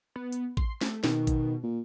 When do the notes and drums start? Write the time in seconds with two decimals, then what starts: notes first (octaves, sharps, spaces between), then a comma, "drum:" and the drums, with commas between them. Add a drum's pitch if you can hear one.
0.16 B3
0.32 drum: hi-hat
0.57 C6, drum: kick A1
0.81 A3, drum: snare
1.04 B2 D#3, drum: snare
1.27 drum: kick A1, hi-hat
1.63 A#2